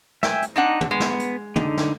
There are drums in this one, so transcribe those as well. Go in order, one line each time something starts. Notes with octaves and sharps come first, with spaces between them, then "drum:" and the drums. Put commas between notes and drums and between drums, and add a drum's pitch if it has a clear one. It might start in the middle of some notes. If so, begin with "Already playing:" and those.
E5 G5 G#5, drum: snare
drum: hi-hat
C4 D4 D#4 F#5
drum: tom
G#3 B3
drum: snare
drum: hi-hat
D3 D#4, drum: tom
drum: snare